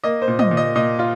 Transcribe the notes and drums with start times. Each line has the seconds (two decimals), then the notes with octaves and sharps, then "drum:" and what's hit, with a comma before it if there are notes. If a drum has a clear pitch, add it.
0.04 A#3 D#5
0.22 C5
0.28 A#2
0.39 D#5, drum: tom
0.51 A#2
0.57 D#5
0.76 A#2 D#5
0.99 F4